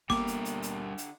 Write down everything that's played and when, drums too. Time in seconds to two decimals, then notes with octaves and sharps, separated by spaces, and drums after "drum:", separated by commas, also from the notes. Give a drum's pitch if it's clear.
0.10 D3 G3 A#3 B3 A#4 G5 D6, drum: snare
0.27 drum: hi-hat
0.45 drum: hi-hat
0.62 drum: hi-hat
0.98 drum: hi-hat